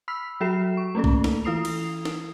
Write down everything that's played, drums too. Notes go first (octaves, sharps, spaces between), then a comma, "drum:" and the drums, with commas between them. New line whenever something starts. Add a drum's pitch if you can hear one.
B5 E6 F6 B6
F#3 F#4 A4 E5 C7 E7
C#6
A3 A#3 C#4 A4
drum: kick
drum: snare
E3 E4 A4 D#6 C7 F7
drum: cymbal
drum: snare